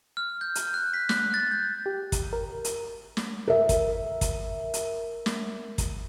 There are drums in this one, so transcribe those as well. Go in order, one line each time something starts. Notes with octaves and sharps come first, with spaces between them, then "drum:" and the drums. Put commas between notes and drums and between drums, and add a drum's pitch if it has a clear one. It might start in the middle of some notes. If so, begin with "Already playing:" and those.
F6
G6
drum: hi-hat
F#6
B6
F#6, drum: snare
A6
G6
G4
drum: kick, hi-hat
A#4
drum: hi-hat
drum: snare
A#4 E5
drum: kick, hi-hat
drum: kick, hi-hat
drum: hi-hat
drum: snare
drum: kick, hi-hat